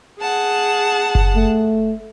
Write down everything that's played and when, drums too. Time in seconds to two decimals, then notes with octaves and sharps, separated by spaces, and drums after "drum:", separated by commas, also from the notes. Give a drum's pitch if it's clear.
0.20 G#4 F#5 A5
1.15 drum: kick F#1
1.36 A3